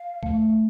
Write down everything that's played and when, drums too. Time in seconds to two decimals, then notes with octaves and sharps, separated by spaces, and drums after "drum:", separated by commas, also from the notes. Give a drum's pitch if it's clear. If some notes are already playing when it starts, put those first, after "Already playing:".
Already playing: F5
0.23 A3, drum: kick C2